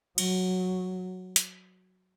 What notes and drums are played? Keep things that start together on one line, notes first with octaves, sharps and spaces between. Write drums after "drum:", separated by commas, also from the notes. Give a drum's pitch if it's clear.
F#3, drum: cymbal
drum: hi-hat